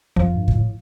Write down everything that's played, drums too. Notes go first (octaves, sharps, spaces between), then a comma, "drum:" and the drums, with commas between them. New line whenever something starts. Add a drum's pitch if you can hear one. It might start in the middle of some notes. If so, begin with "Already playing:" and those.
F2 F3, drum: kick
G2
A#2, drum: kick
A2